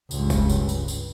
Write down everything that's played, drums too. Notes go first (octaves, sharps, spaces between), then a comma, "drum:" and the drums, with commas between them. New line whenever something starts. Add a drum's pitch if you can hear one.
C#2 G2, drum: tambourine
drum: kick, tambourine
drum: tambourine
drum: tambourine
drum: tambourine